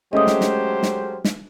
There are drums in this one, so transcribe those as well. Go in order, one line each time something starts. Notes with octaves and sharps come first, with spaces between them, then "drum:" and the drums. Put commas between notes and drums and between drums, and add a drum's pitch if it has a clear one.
F#3 G#3 A3 C#4 G4 C5 D#5 D#6
drum: snare
drum: snare
drum: snare
drum: snare